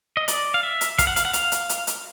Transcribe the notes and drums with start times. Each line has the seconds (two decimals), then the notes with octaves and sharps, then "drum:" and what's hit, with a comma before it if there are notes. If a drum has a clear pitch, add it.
0.17 D#5
0.28 D5, drum: hi-hat
0.54 F5
0.63 E5
0.81 drum: hi-hat
0.99 F5, drum: kick, hi-hat
1.07 F#5
1.16 F5, drum: hi-hat
1.25 F#5
1.33 F5, drum: hi-hat
1.52 drum: hi-hat
1.69 drum: hi-hat
1.87 drum: hi-hat